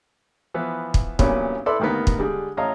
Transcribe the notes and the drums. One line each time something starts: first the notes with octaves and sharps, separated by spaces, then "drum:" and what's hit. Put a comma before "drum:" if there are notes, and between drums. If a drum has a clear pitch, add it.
E3 F3 B3
drum: kick
G2 A#2 E3 F#3 B3 C#4, drum: kick
E4 A4 B4 D5 C6
D2 G2 D#3 A#3 B3
drum: kick
D3 G3 G#3
A1 C#5 D#5 F5 A#5